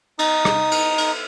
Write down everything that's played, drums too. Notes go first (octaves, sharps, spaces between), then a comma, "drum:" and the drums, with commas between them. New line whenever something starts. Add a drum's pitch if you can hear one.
D#4 D#6, drum: cymbal
drum: rim click
drum: cymbal
drum: cymbal